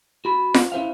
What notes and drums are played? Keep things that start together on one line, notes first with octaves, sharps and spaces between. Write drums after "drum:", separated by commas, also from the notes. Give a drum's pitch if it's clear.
F#4 B5
drum: snare F4
C#4 E4 C5 E5 F5